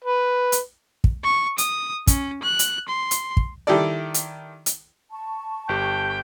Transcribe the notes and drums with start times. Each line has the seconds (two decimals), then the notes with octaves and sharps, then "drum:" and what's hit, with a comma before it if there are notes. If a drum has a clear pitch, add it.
0.04 B4
0.52 drum: hi-hat
1.04 drum: kick
1.24 C#6
1.58 D#6, drum: hi-hat
2.07 C#4, drum: kick, hi-hat
2.43 F#6
2.59 drum: hi-hat
2.88 C6
3.11 drum: hi-hat
3.37 drum: kick
3.67 D#3 G3 E4 A4 D5
4.14 drum: hi-hat
4.66 drum: hi-hat
5.12 A5 C#6
5.69 G1 G4 G5